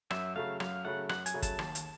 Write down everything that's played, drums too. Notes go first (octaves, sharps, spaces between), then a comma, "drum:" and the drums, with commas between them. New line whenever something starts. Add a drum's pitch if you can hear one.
F#2 E5, drum: rim click
C#3 F#3 A3 F5
F#2 F5, drum: rim click
C#3 F#3 A3 F#5
F#2 F#5, drum: rim click
G#5, drum: hi-hat
C#3 F#3 A3
A5, drum: kick, hi-hat
D#2, drum: rim click
drum: hi-hat